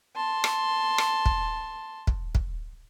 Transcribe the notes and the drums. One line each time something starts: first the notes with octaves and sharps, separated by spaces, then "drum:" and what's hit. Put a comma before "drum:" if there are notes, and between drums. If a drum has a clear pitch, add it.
A5 C6
drum: rim click
drum: rim click
drum: kick
drum: kick
drum: kick